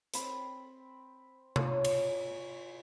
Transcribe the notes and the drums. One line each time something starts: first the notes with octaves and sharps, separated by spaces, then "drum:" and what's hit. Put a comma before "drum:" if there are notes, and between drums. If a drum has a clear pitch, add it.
C4 B5, drum: hi-hat
F4 C#5, drum: tom C3
drum: cymbal